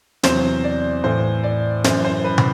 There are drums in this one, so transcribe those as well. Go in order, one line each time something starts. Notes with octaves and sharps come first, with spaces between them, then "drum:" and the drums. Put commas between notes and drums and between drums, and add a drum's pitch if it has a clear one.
E2 C3 F#3 C5, drum: snare
D5
A2 E3 C5
D5
F#2 E3 C5, drum: snare
C5
B4
drum: tom